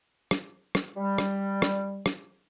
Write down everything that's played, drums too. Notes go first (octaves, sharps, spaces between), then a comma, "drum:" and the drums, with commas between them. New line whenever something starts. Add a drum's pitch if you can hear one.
drum: rim click
drum: rim click
G3
drum: rim click
drum: rim click
drum: rim click